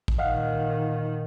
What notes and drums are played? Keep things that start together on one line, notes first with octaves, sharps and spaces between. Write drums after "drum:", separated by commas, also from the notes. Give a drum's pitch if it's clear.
drum: kick
A#2 D#3 D#5 F5 F#5